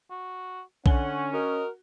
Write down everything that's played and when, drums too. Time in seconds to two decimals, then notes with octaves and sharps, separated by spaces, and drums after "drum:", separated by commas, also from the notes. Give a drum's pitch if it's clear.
0.11 F#4
0.86 D3 C#4 F#5 G#5 G7, drum: kick B1
1.33 F#4 A#4 D#5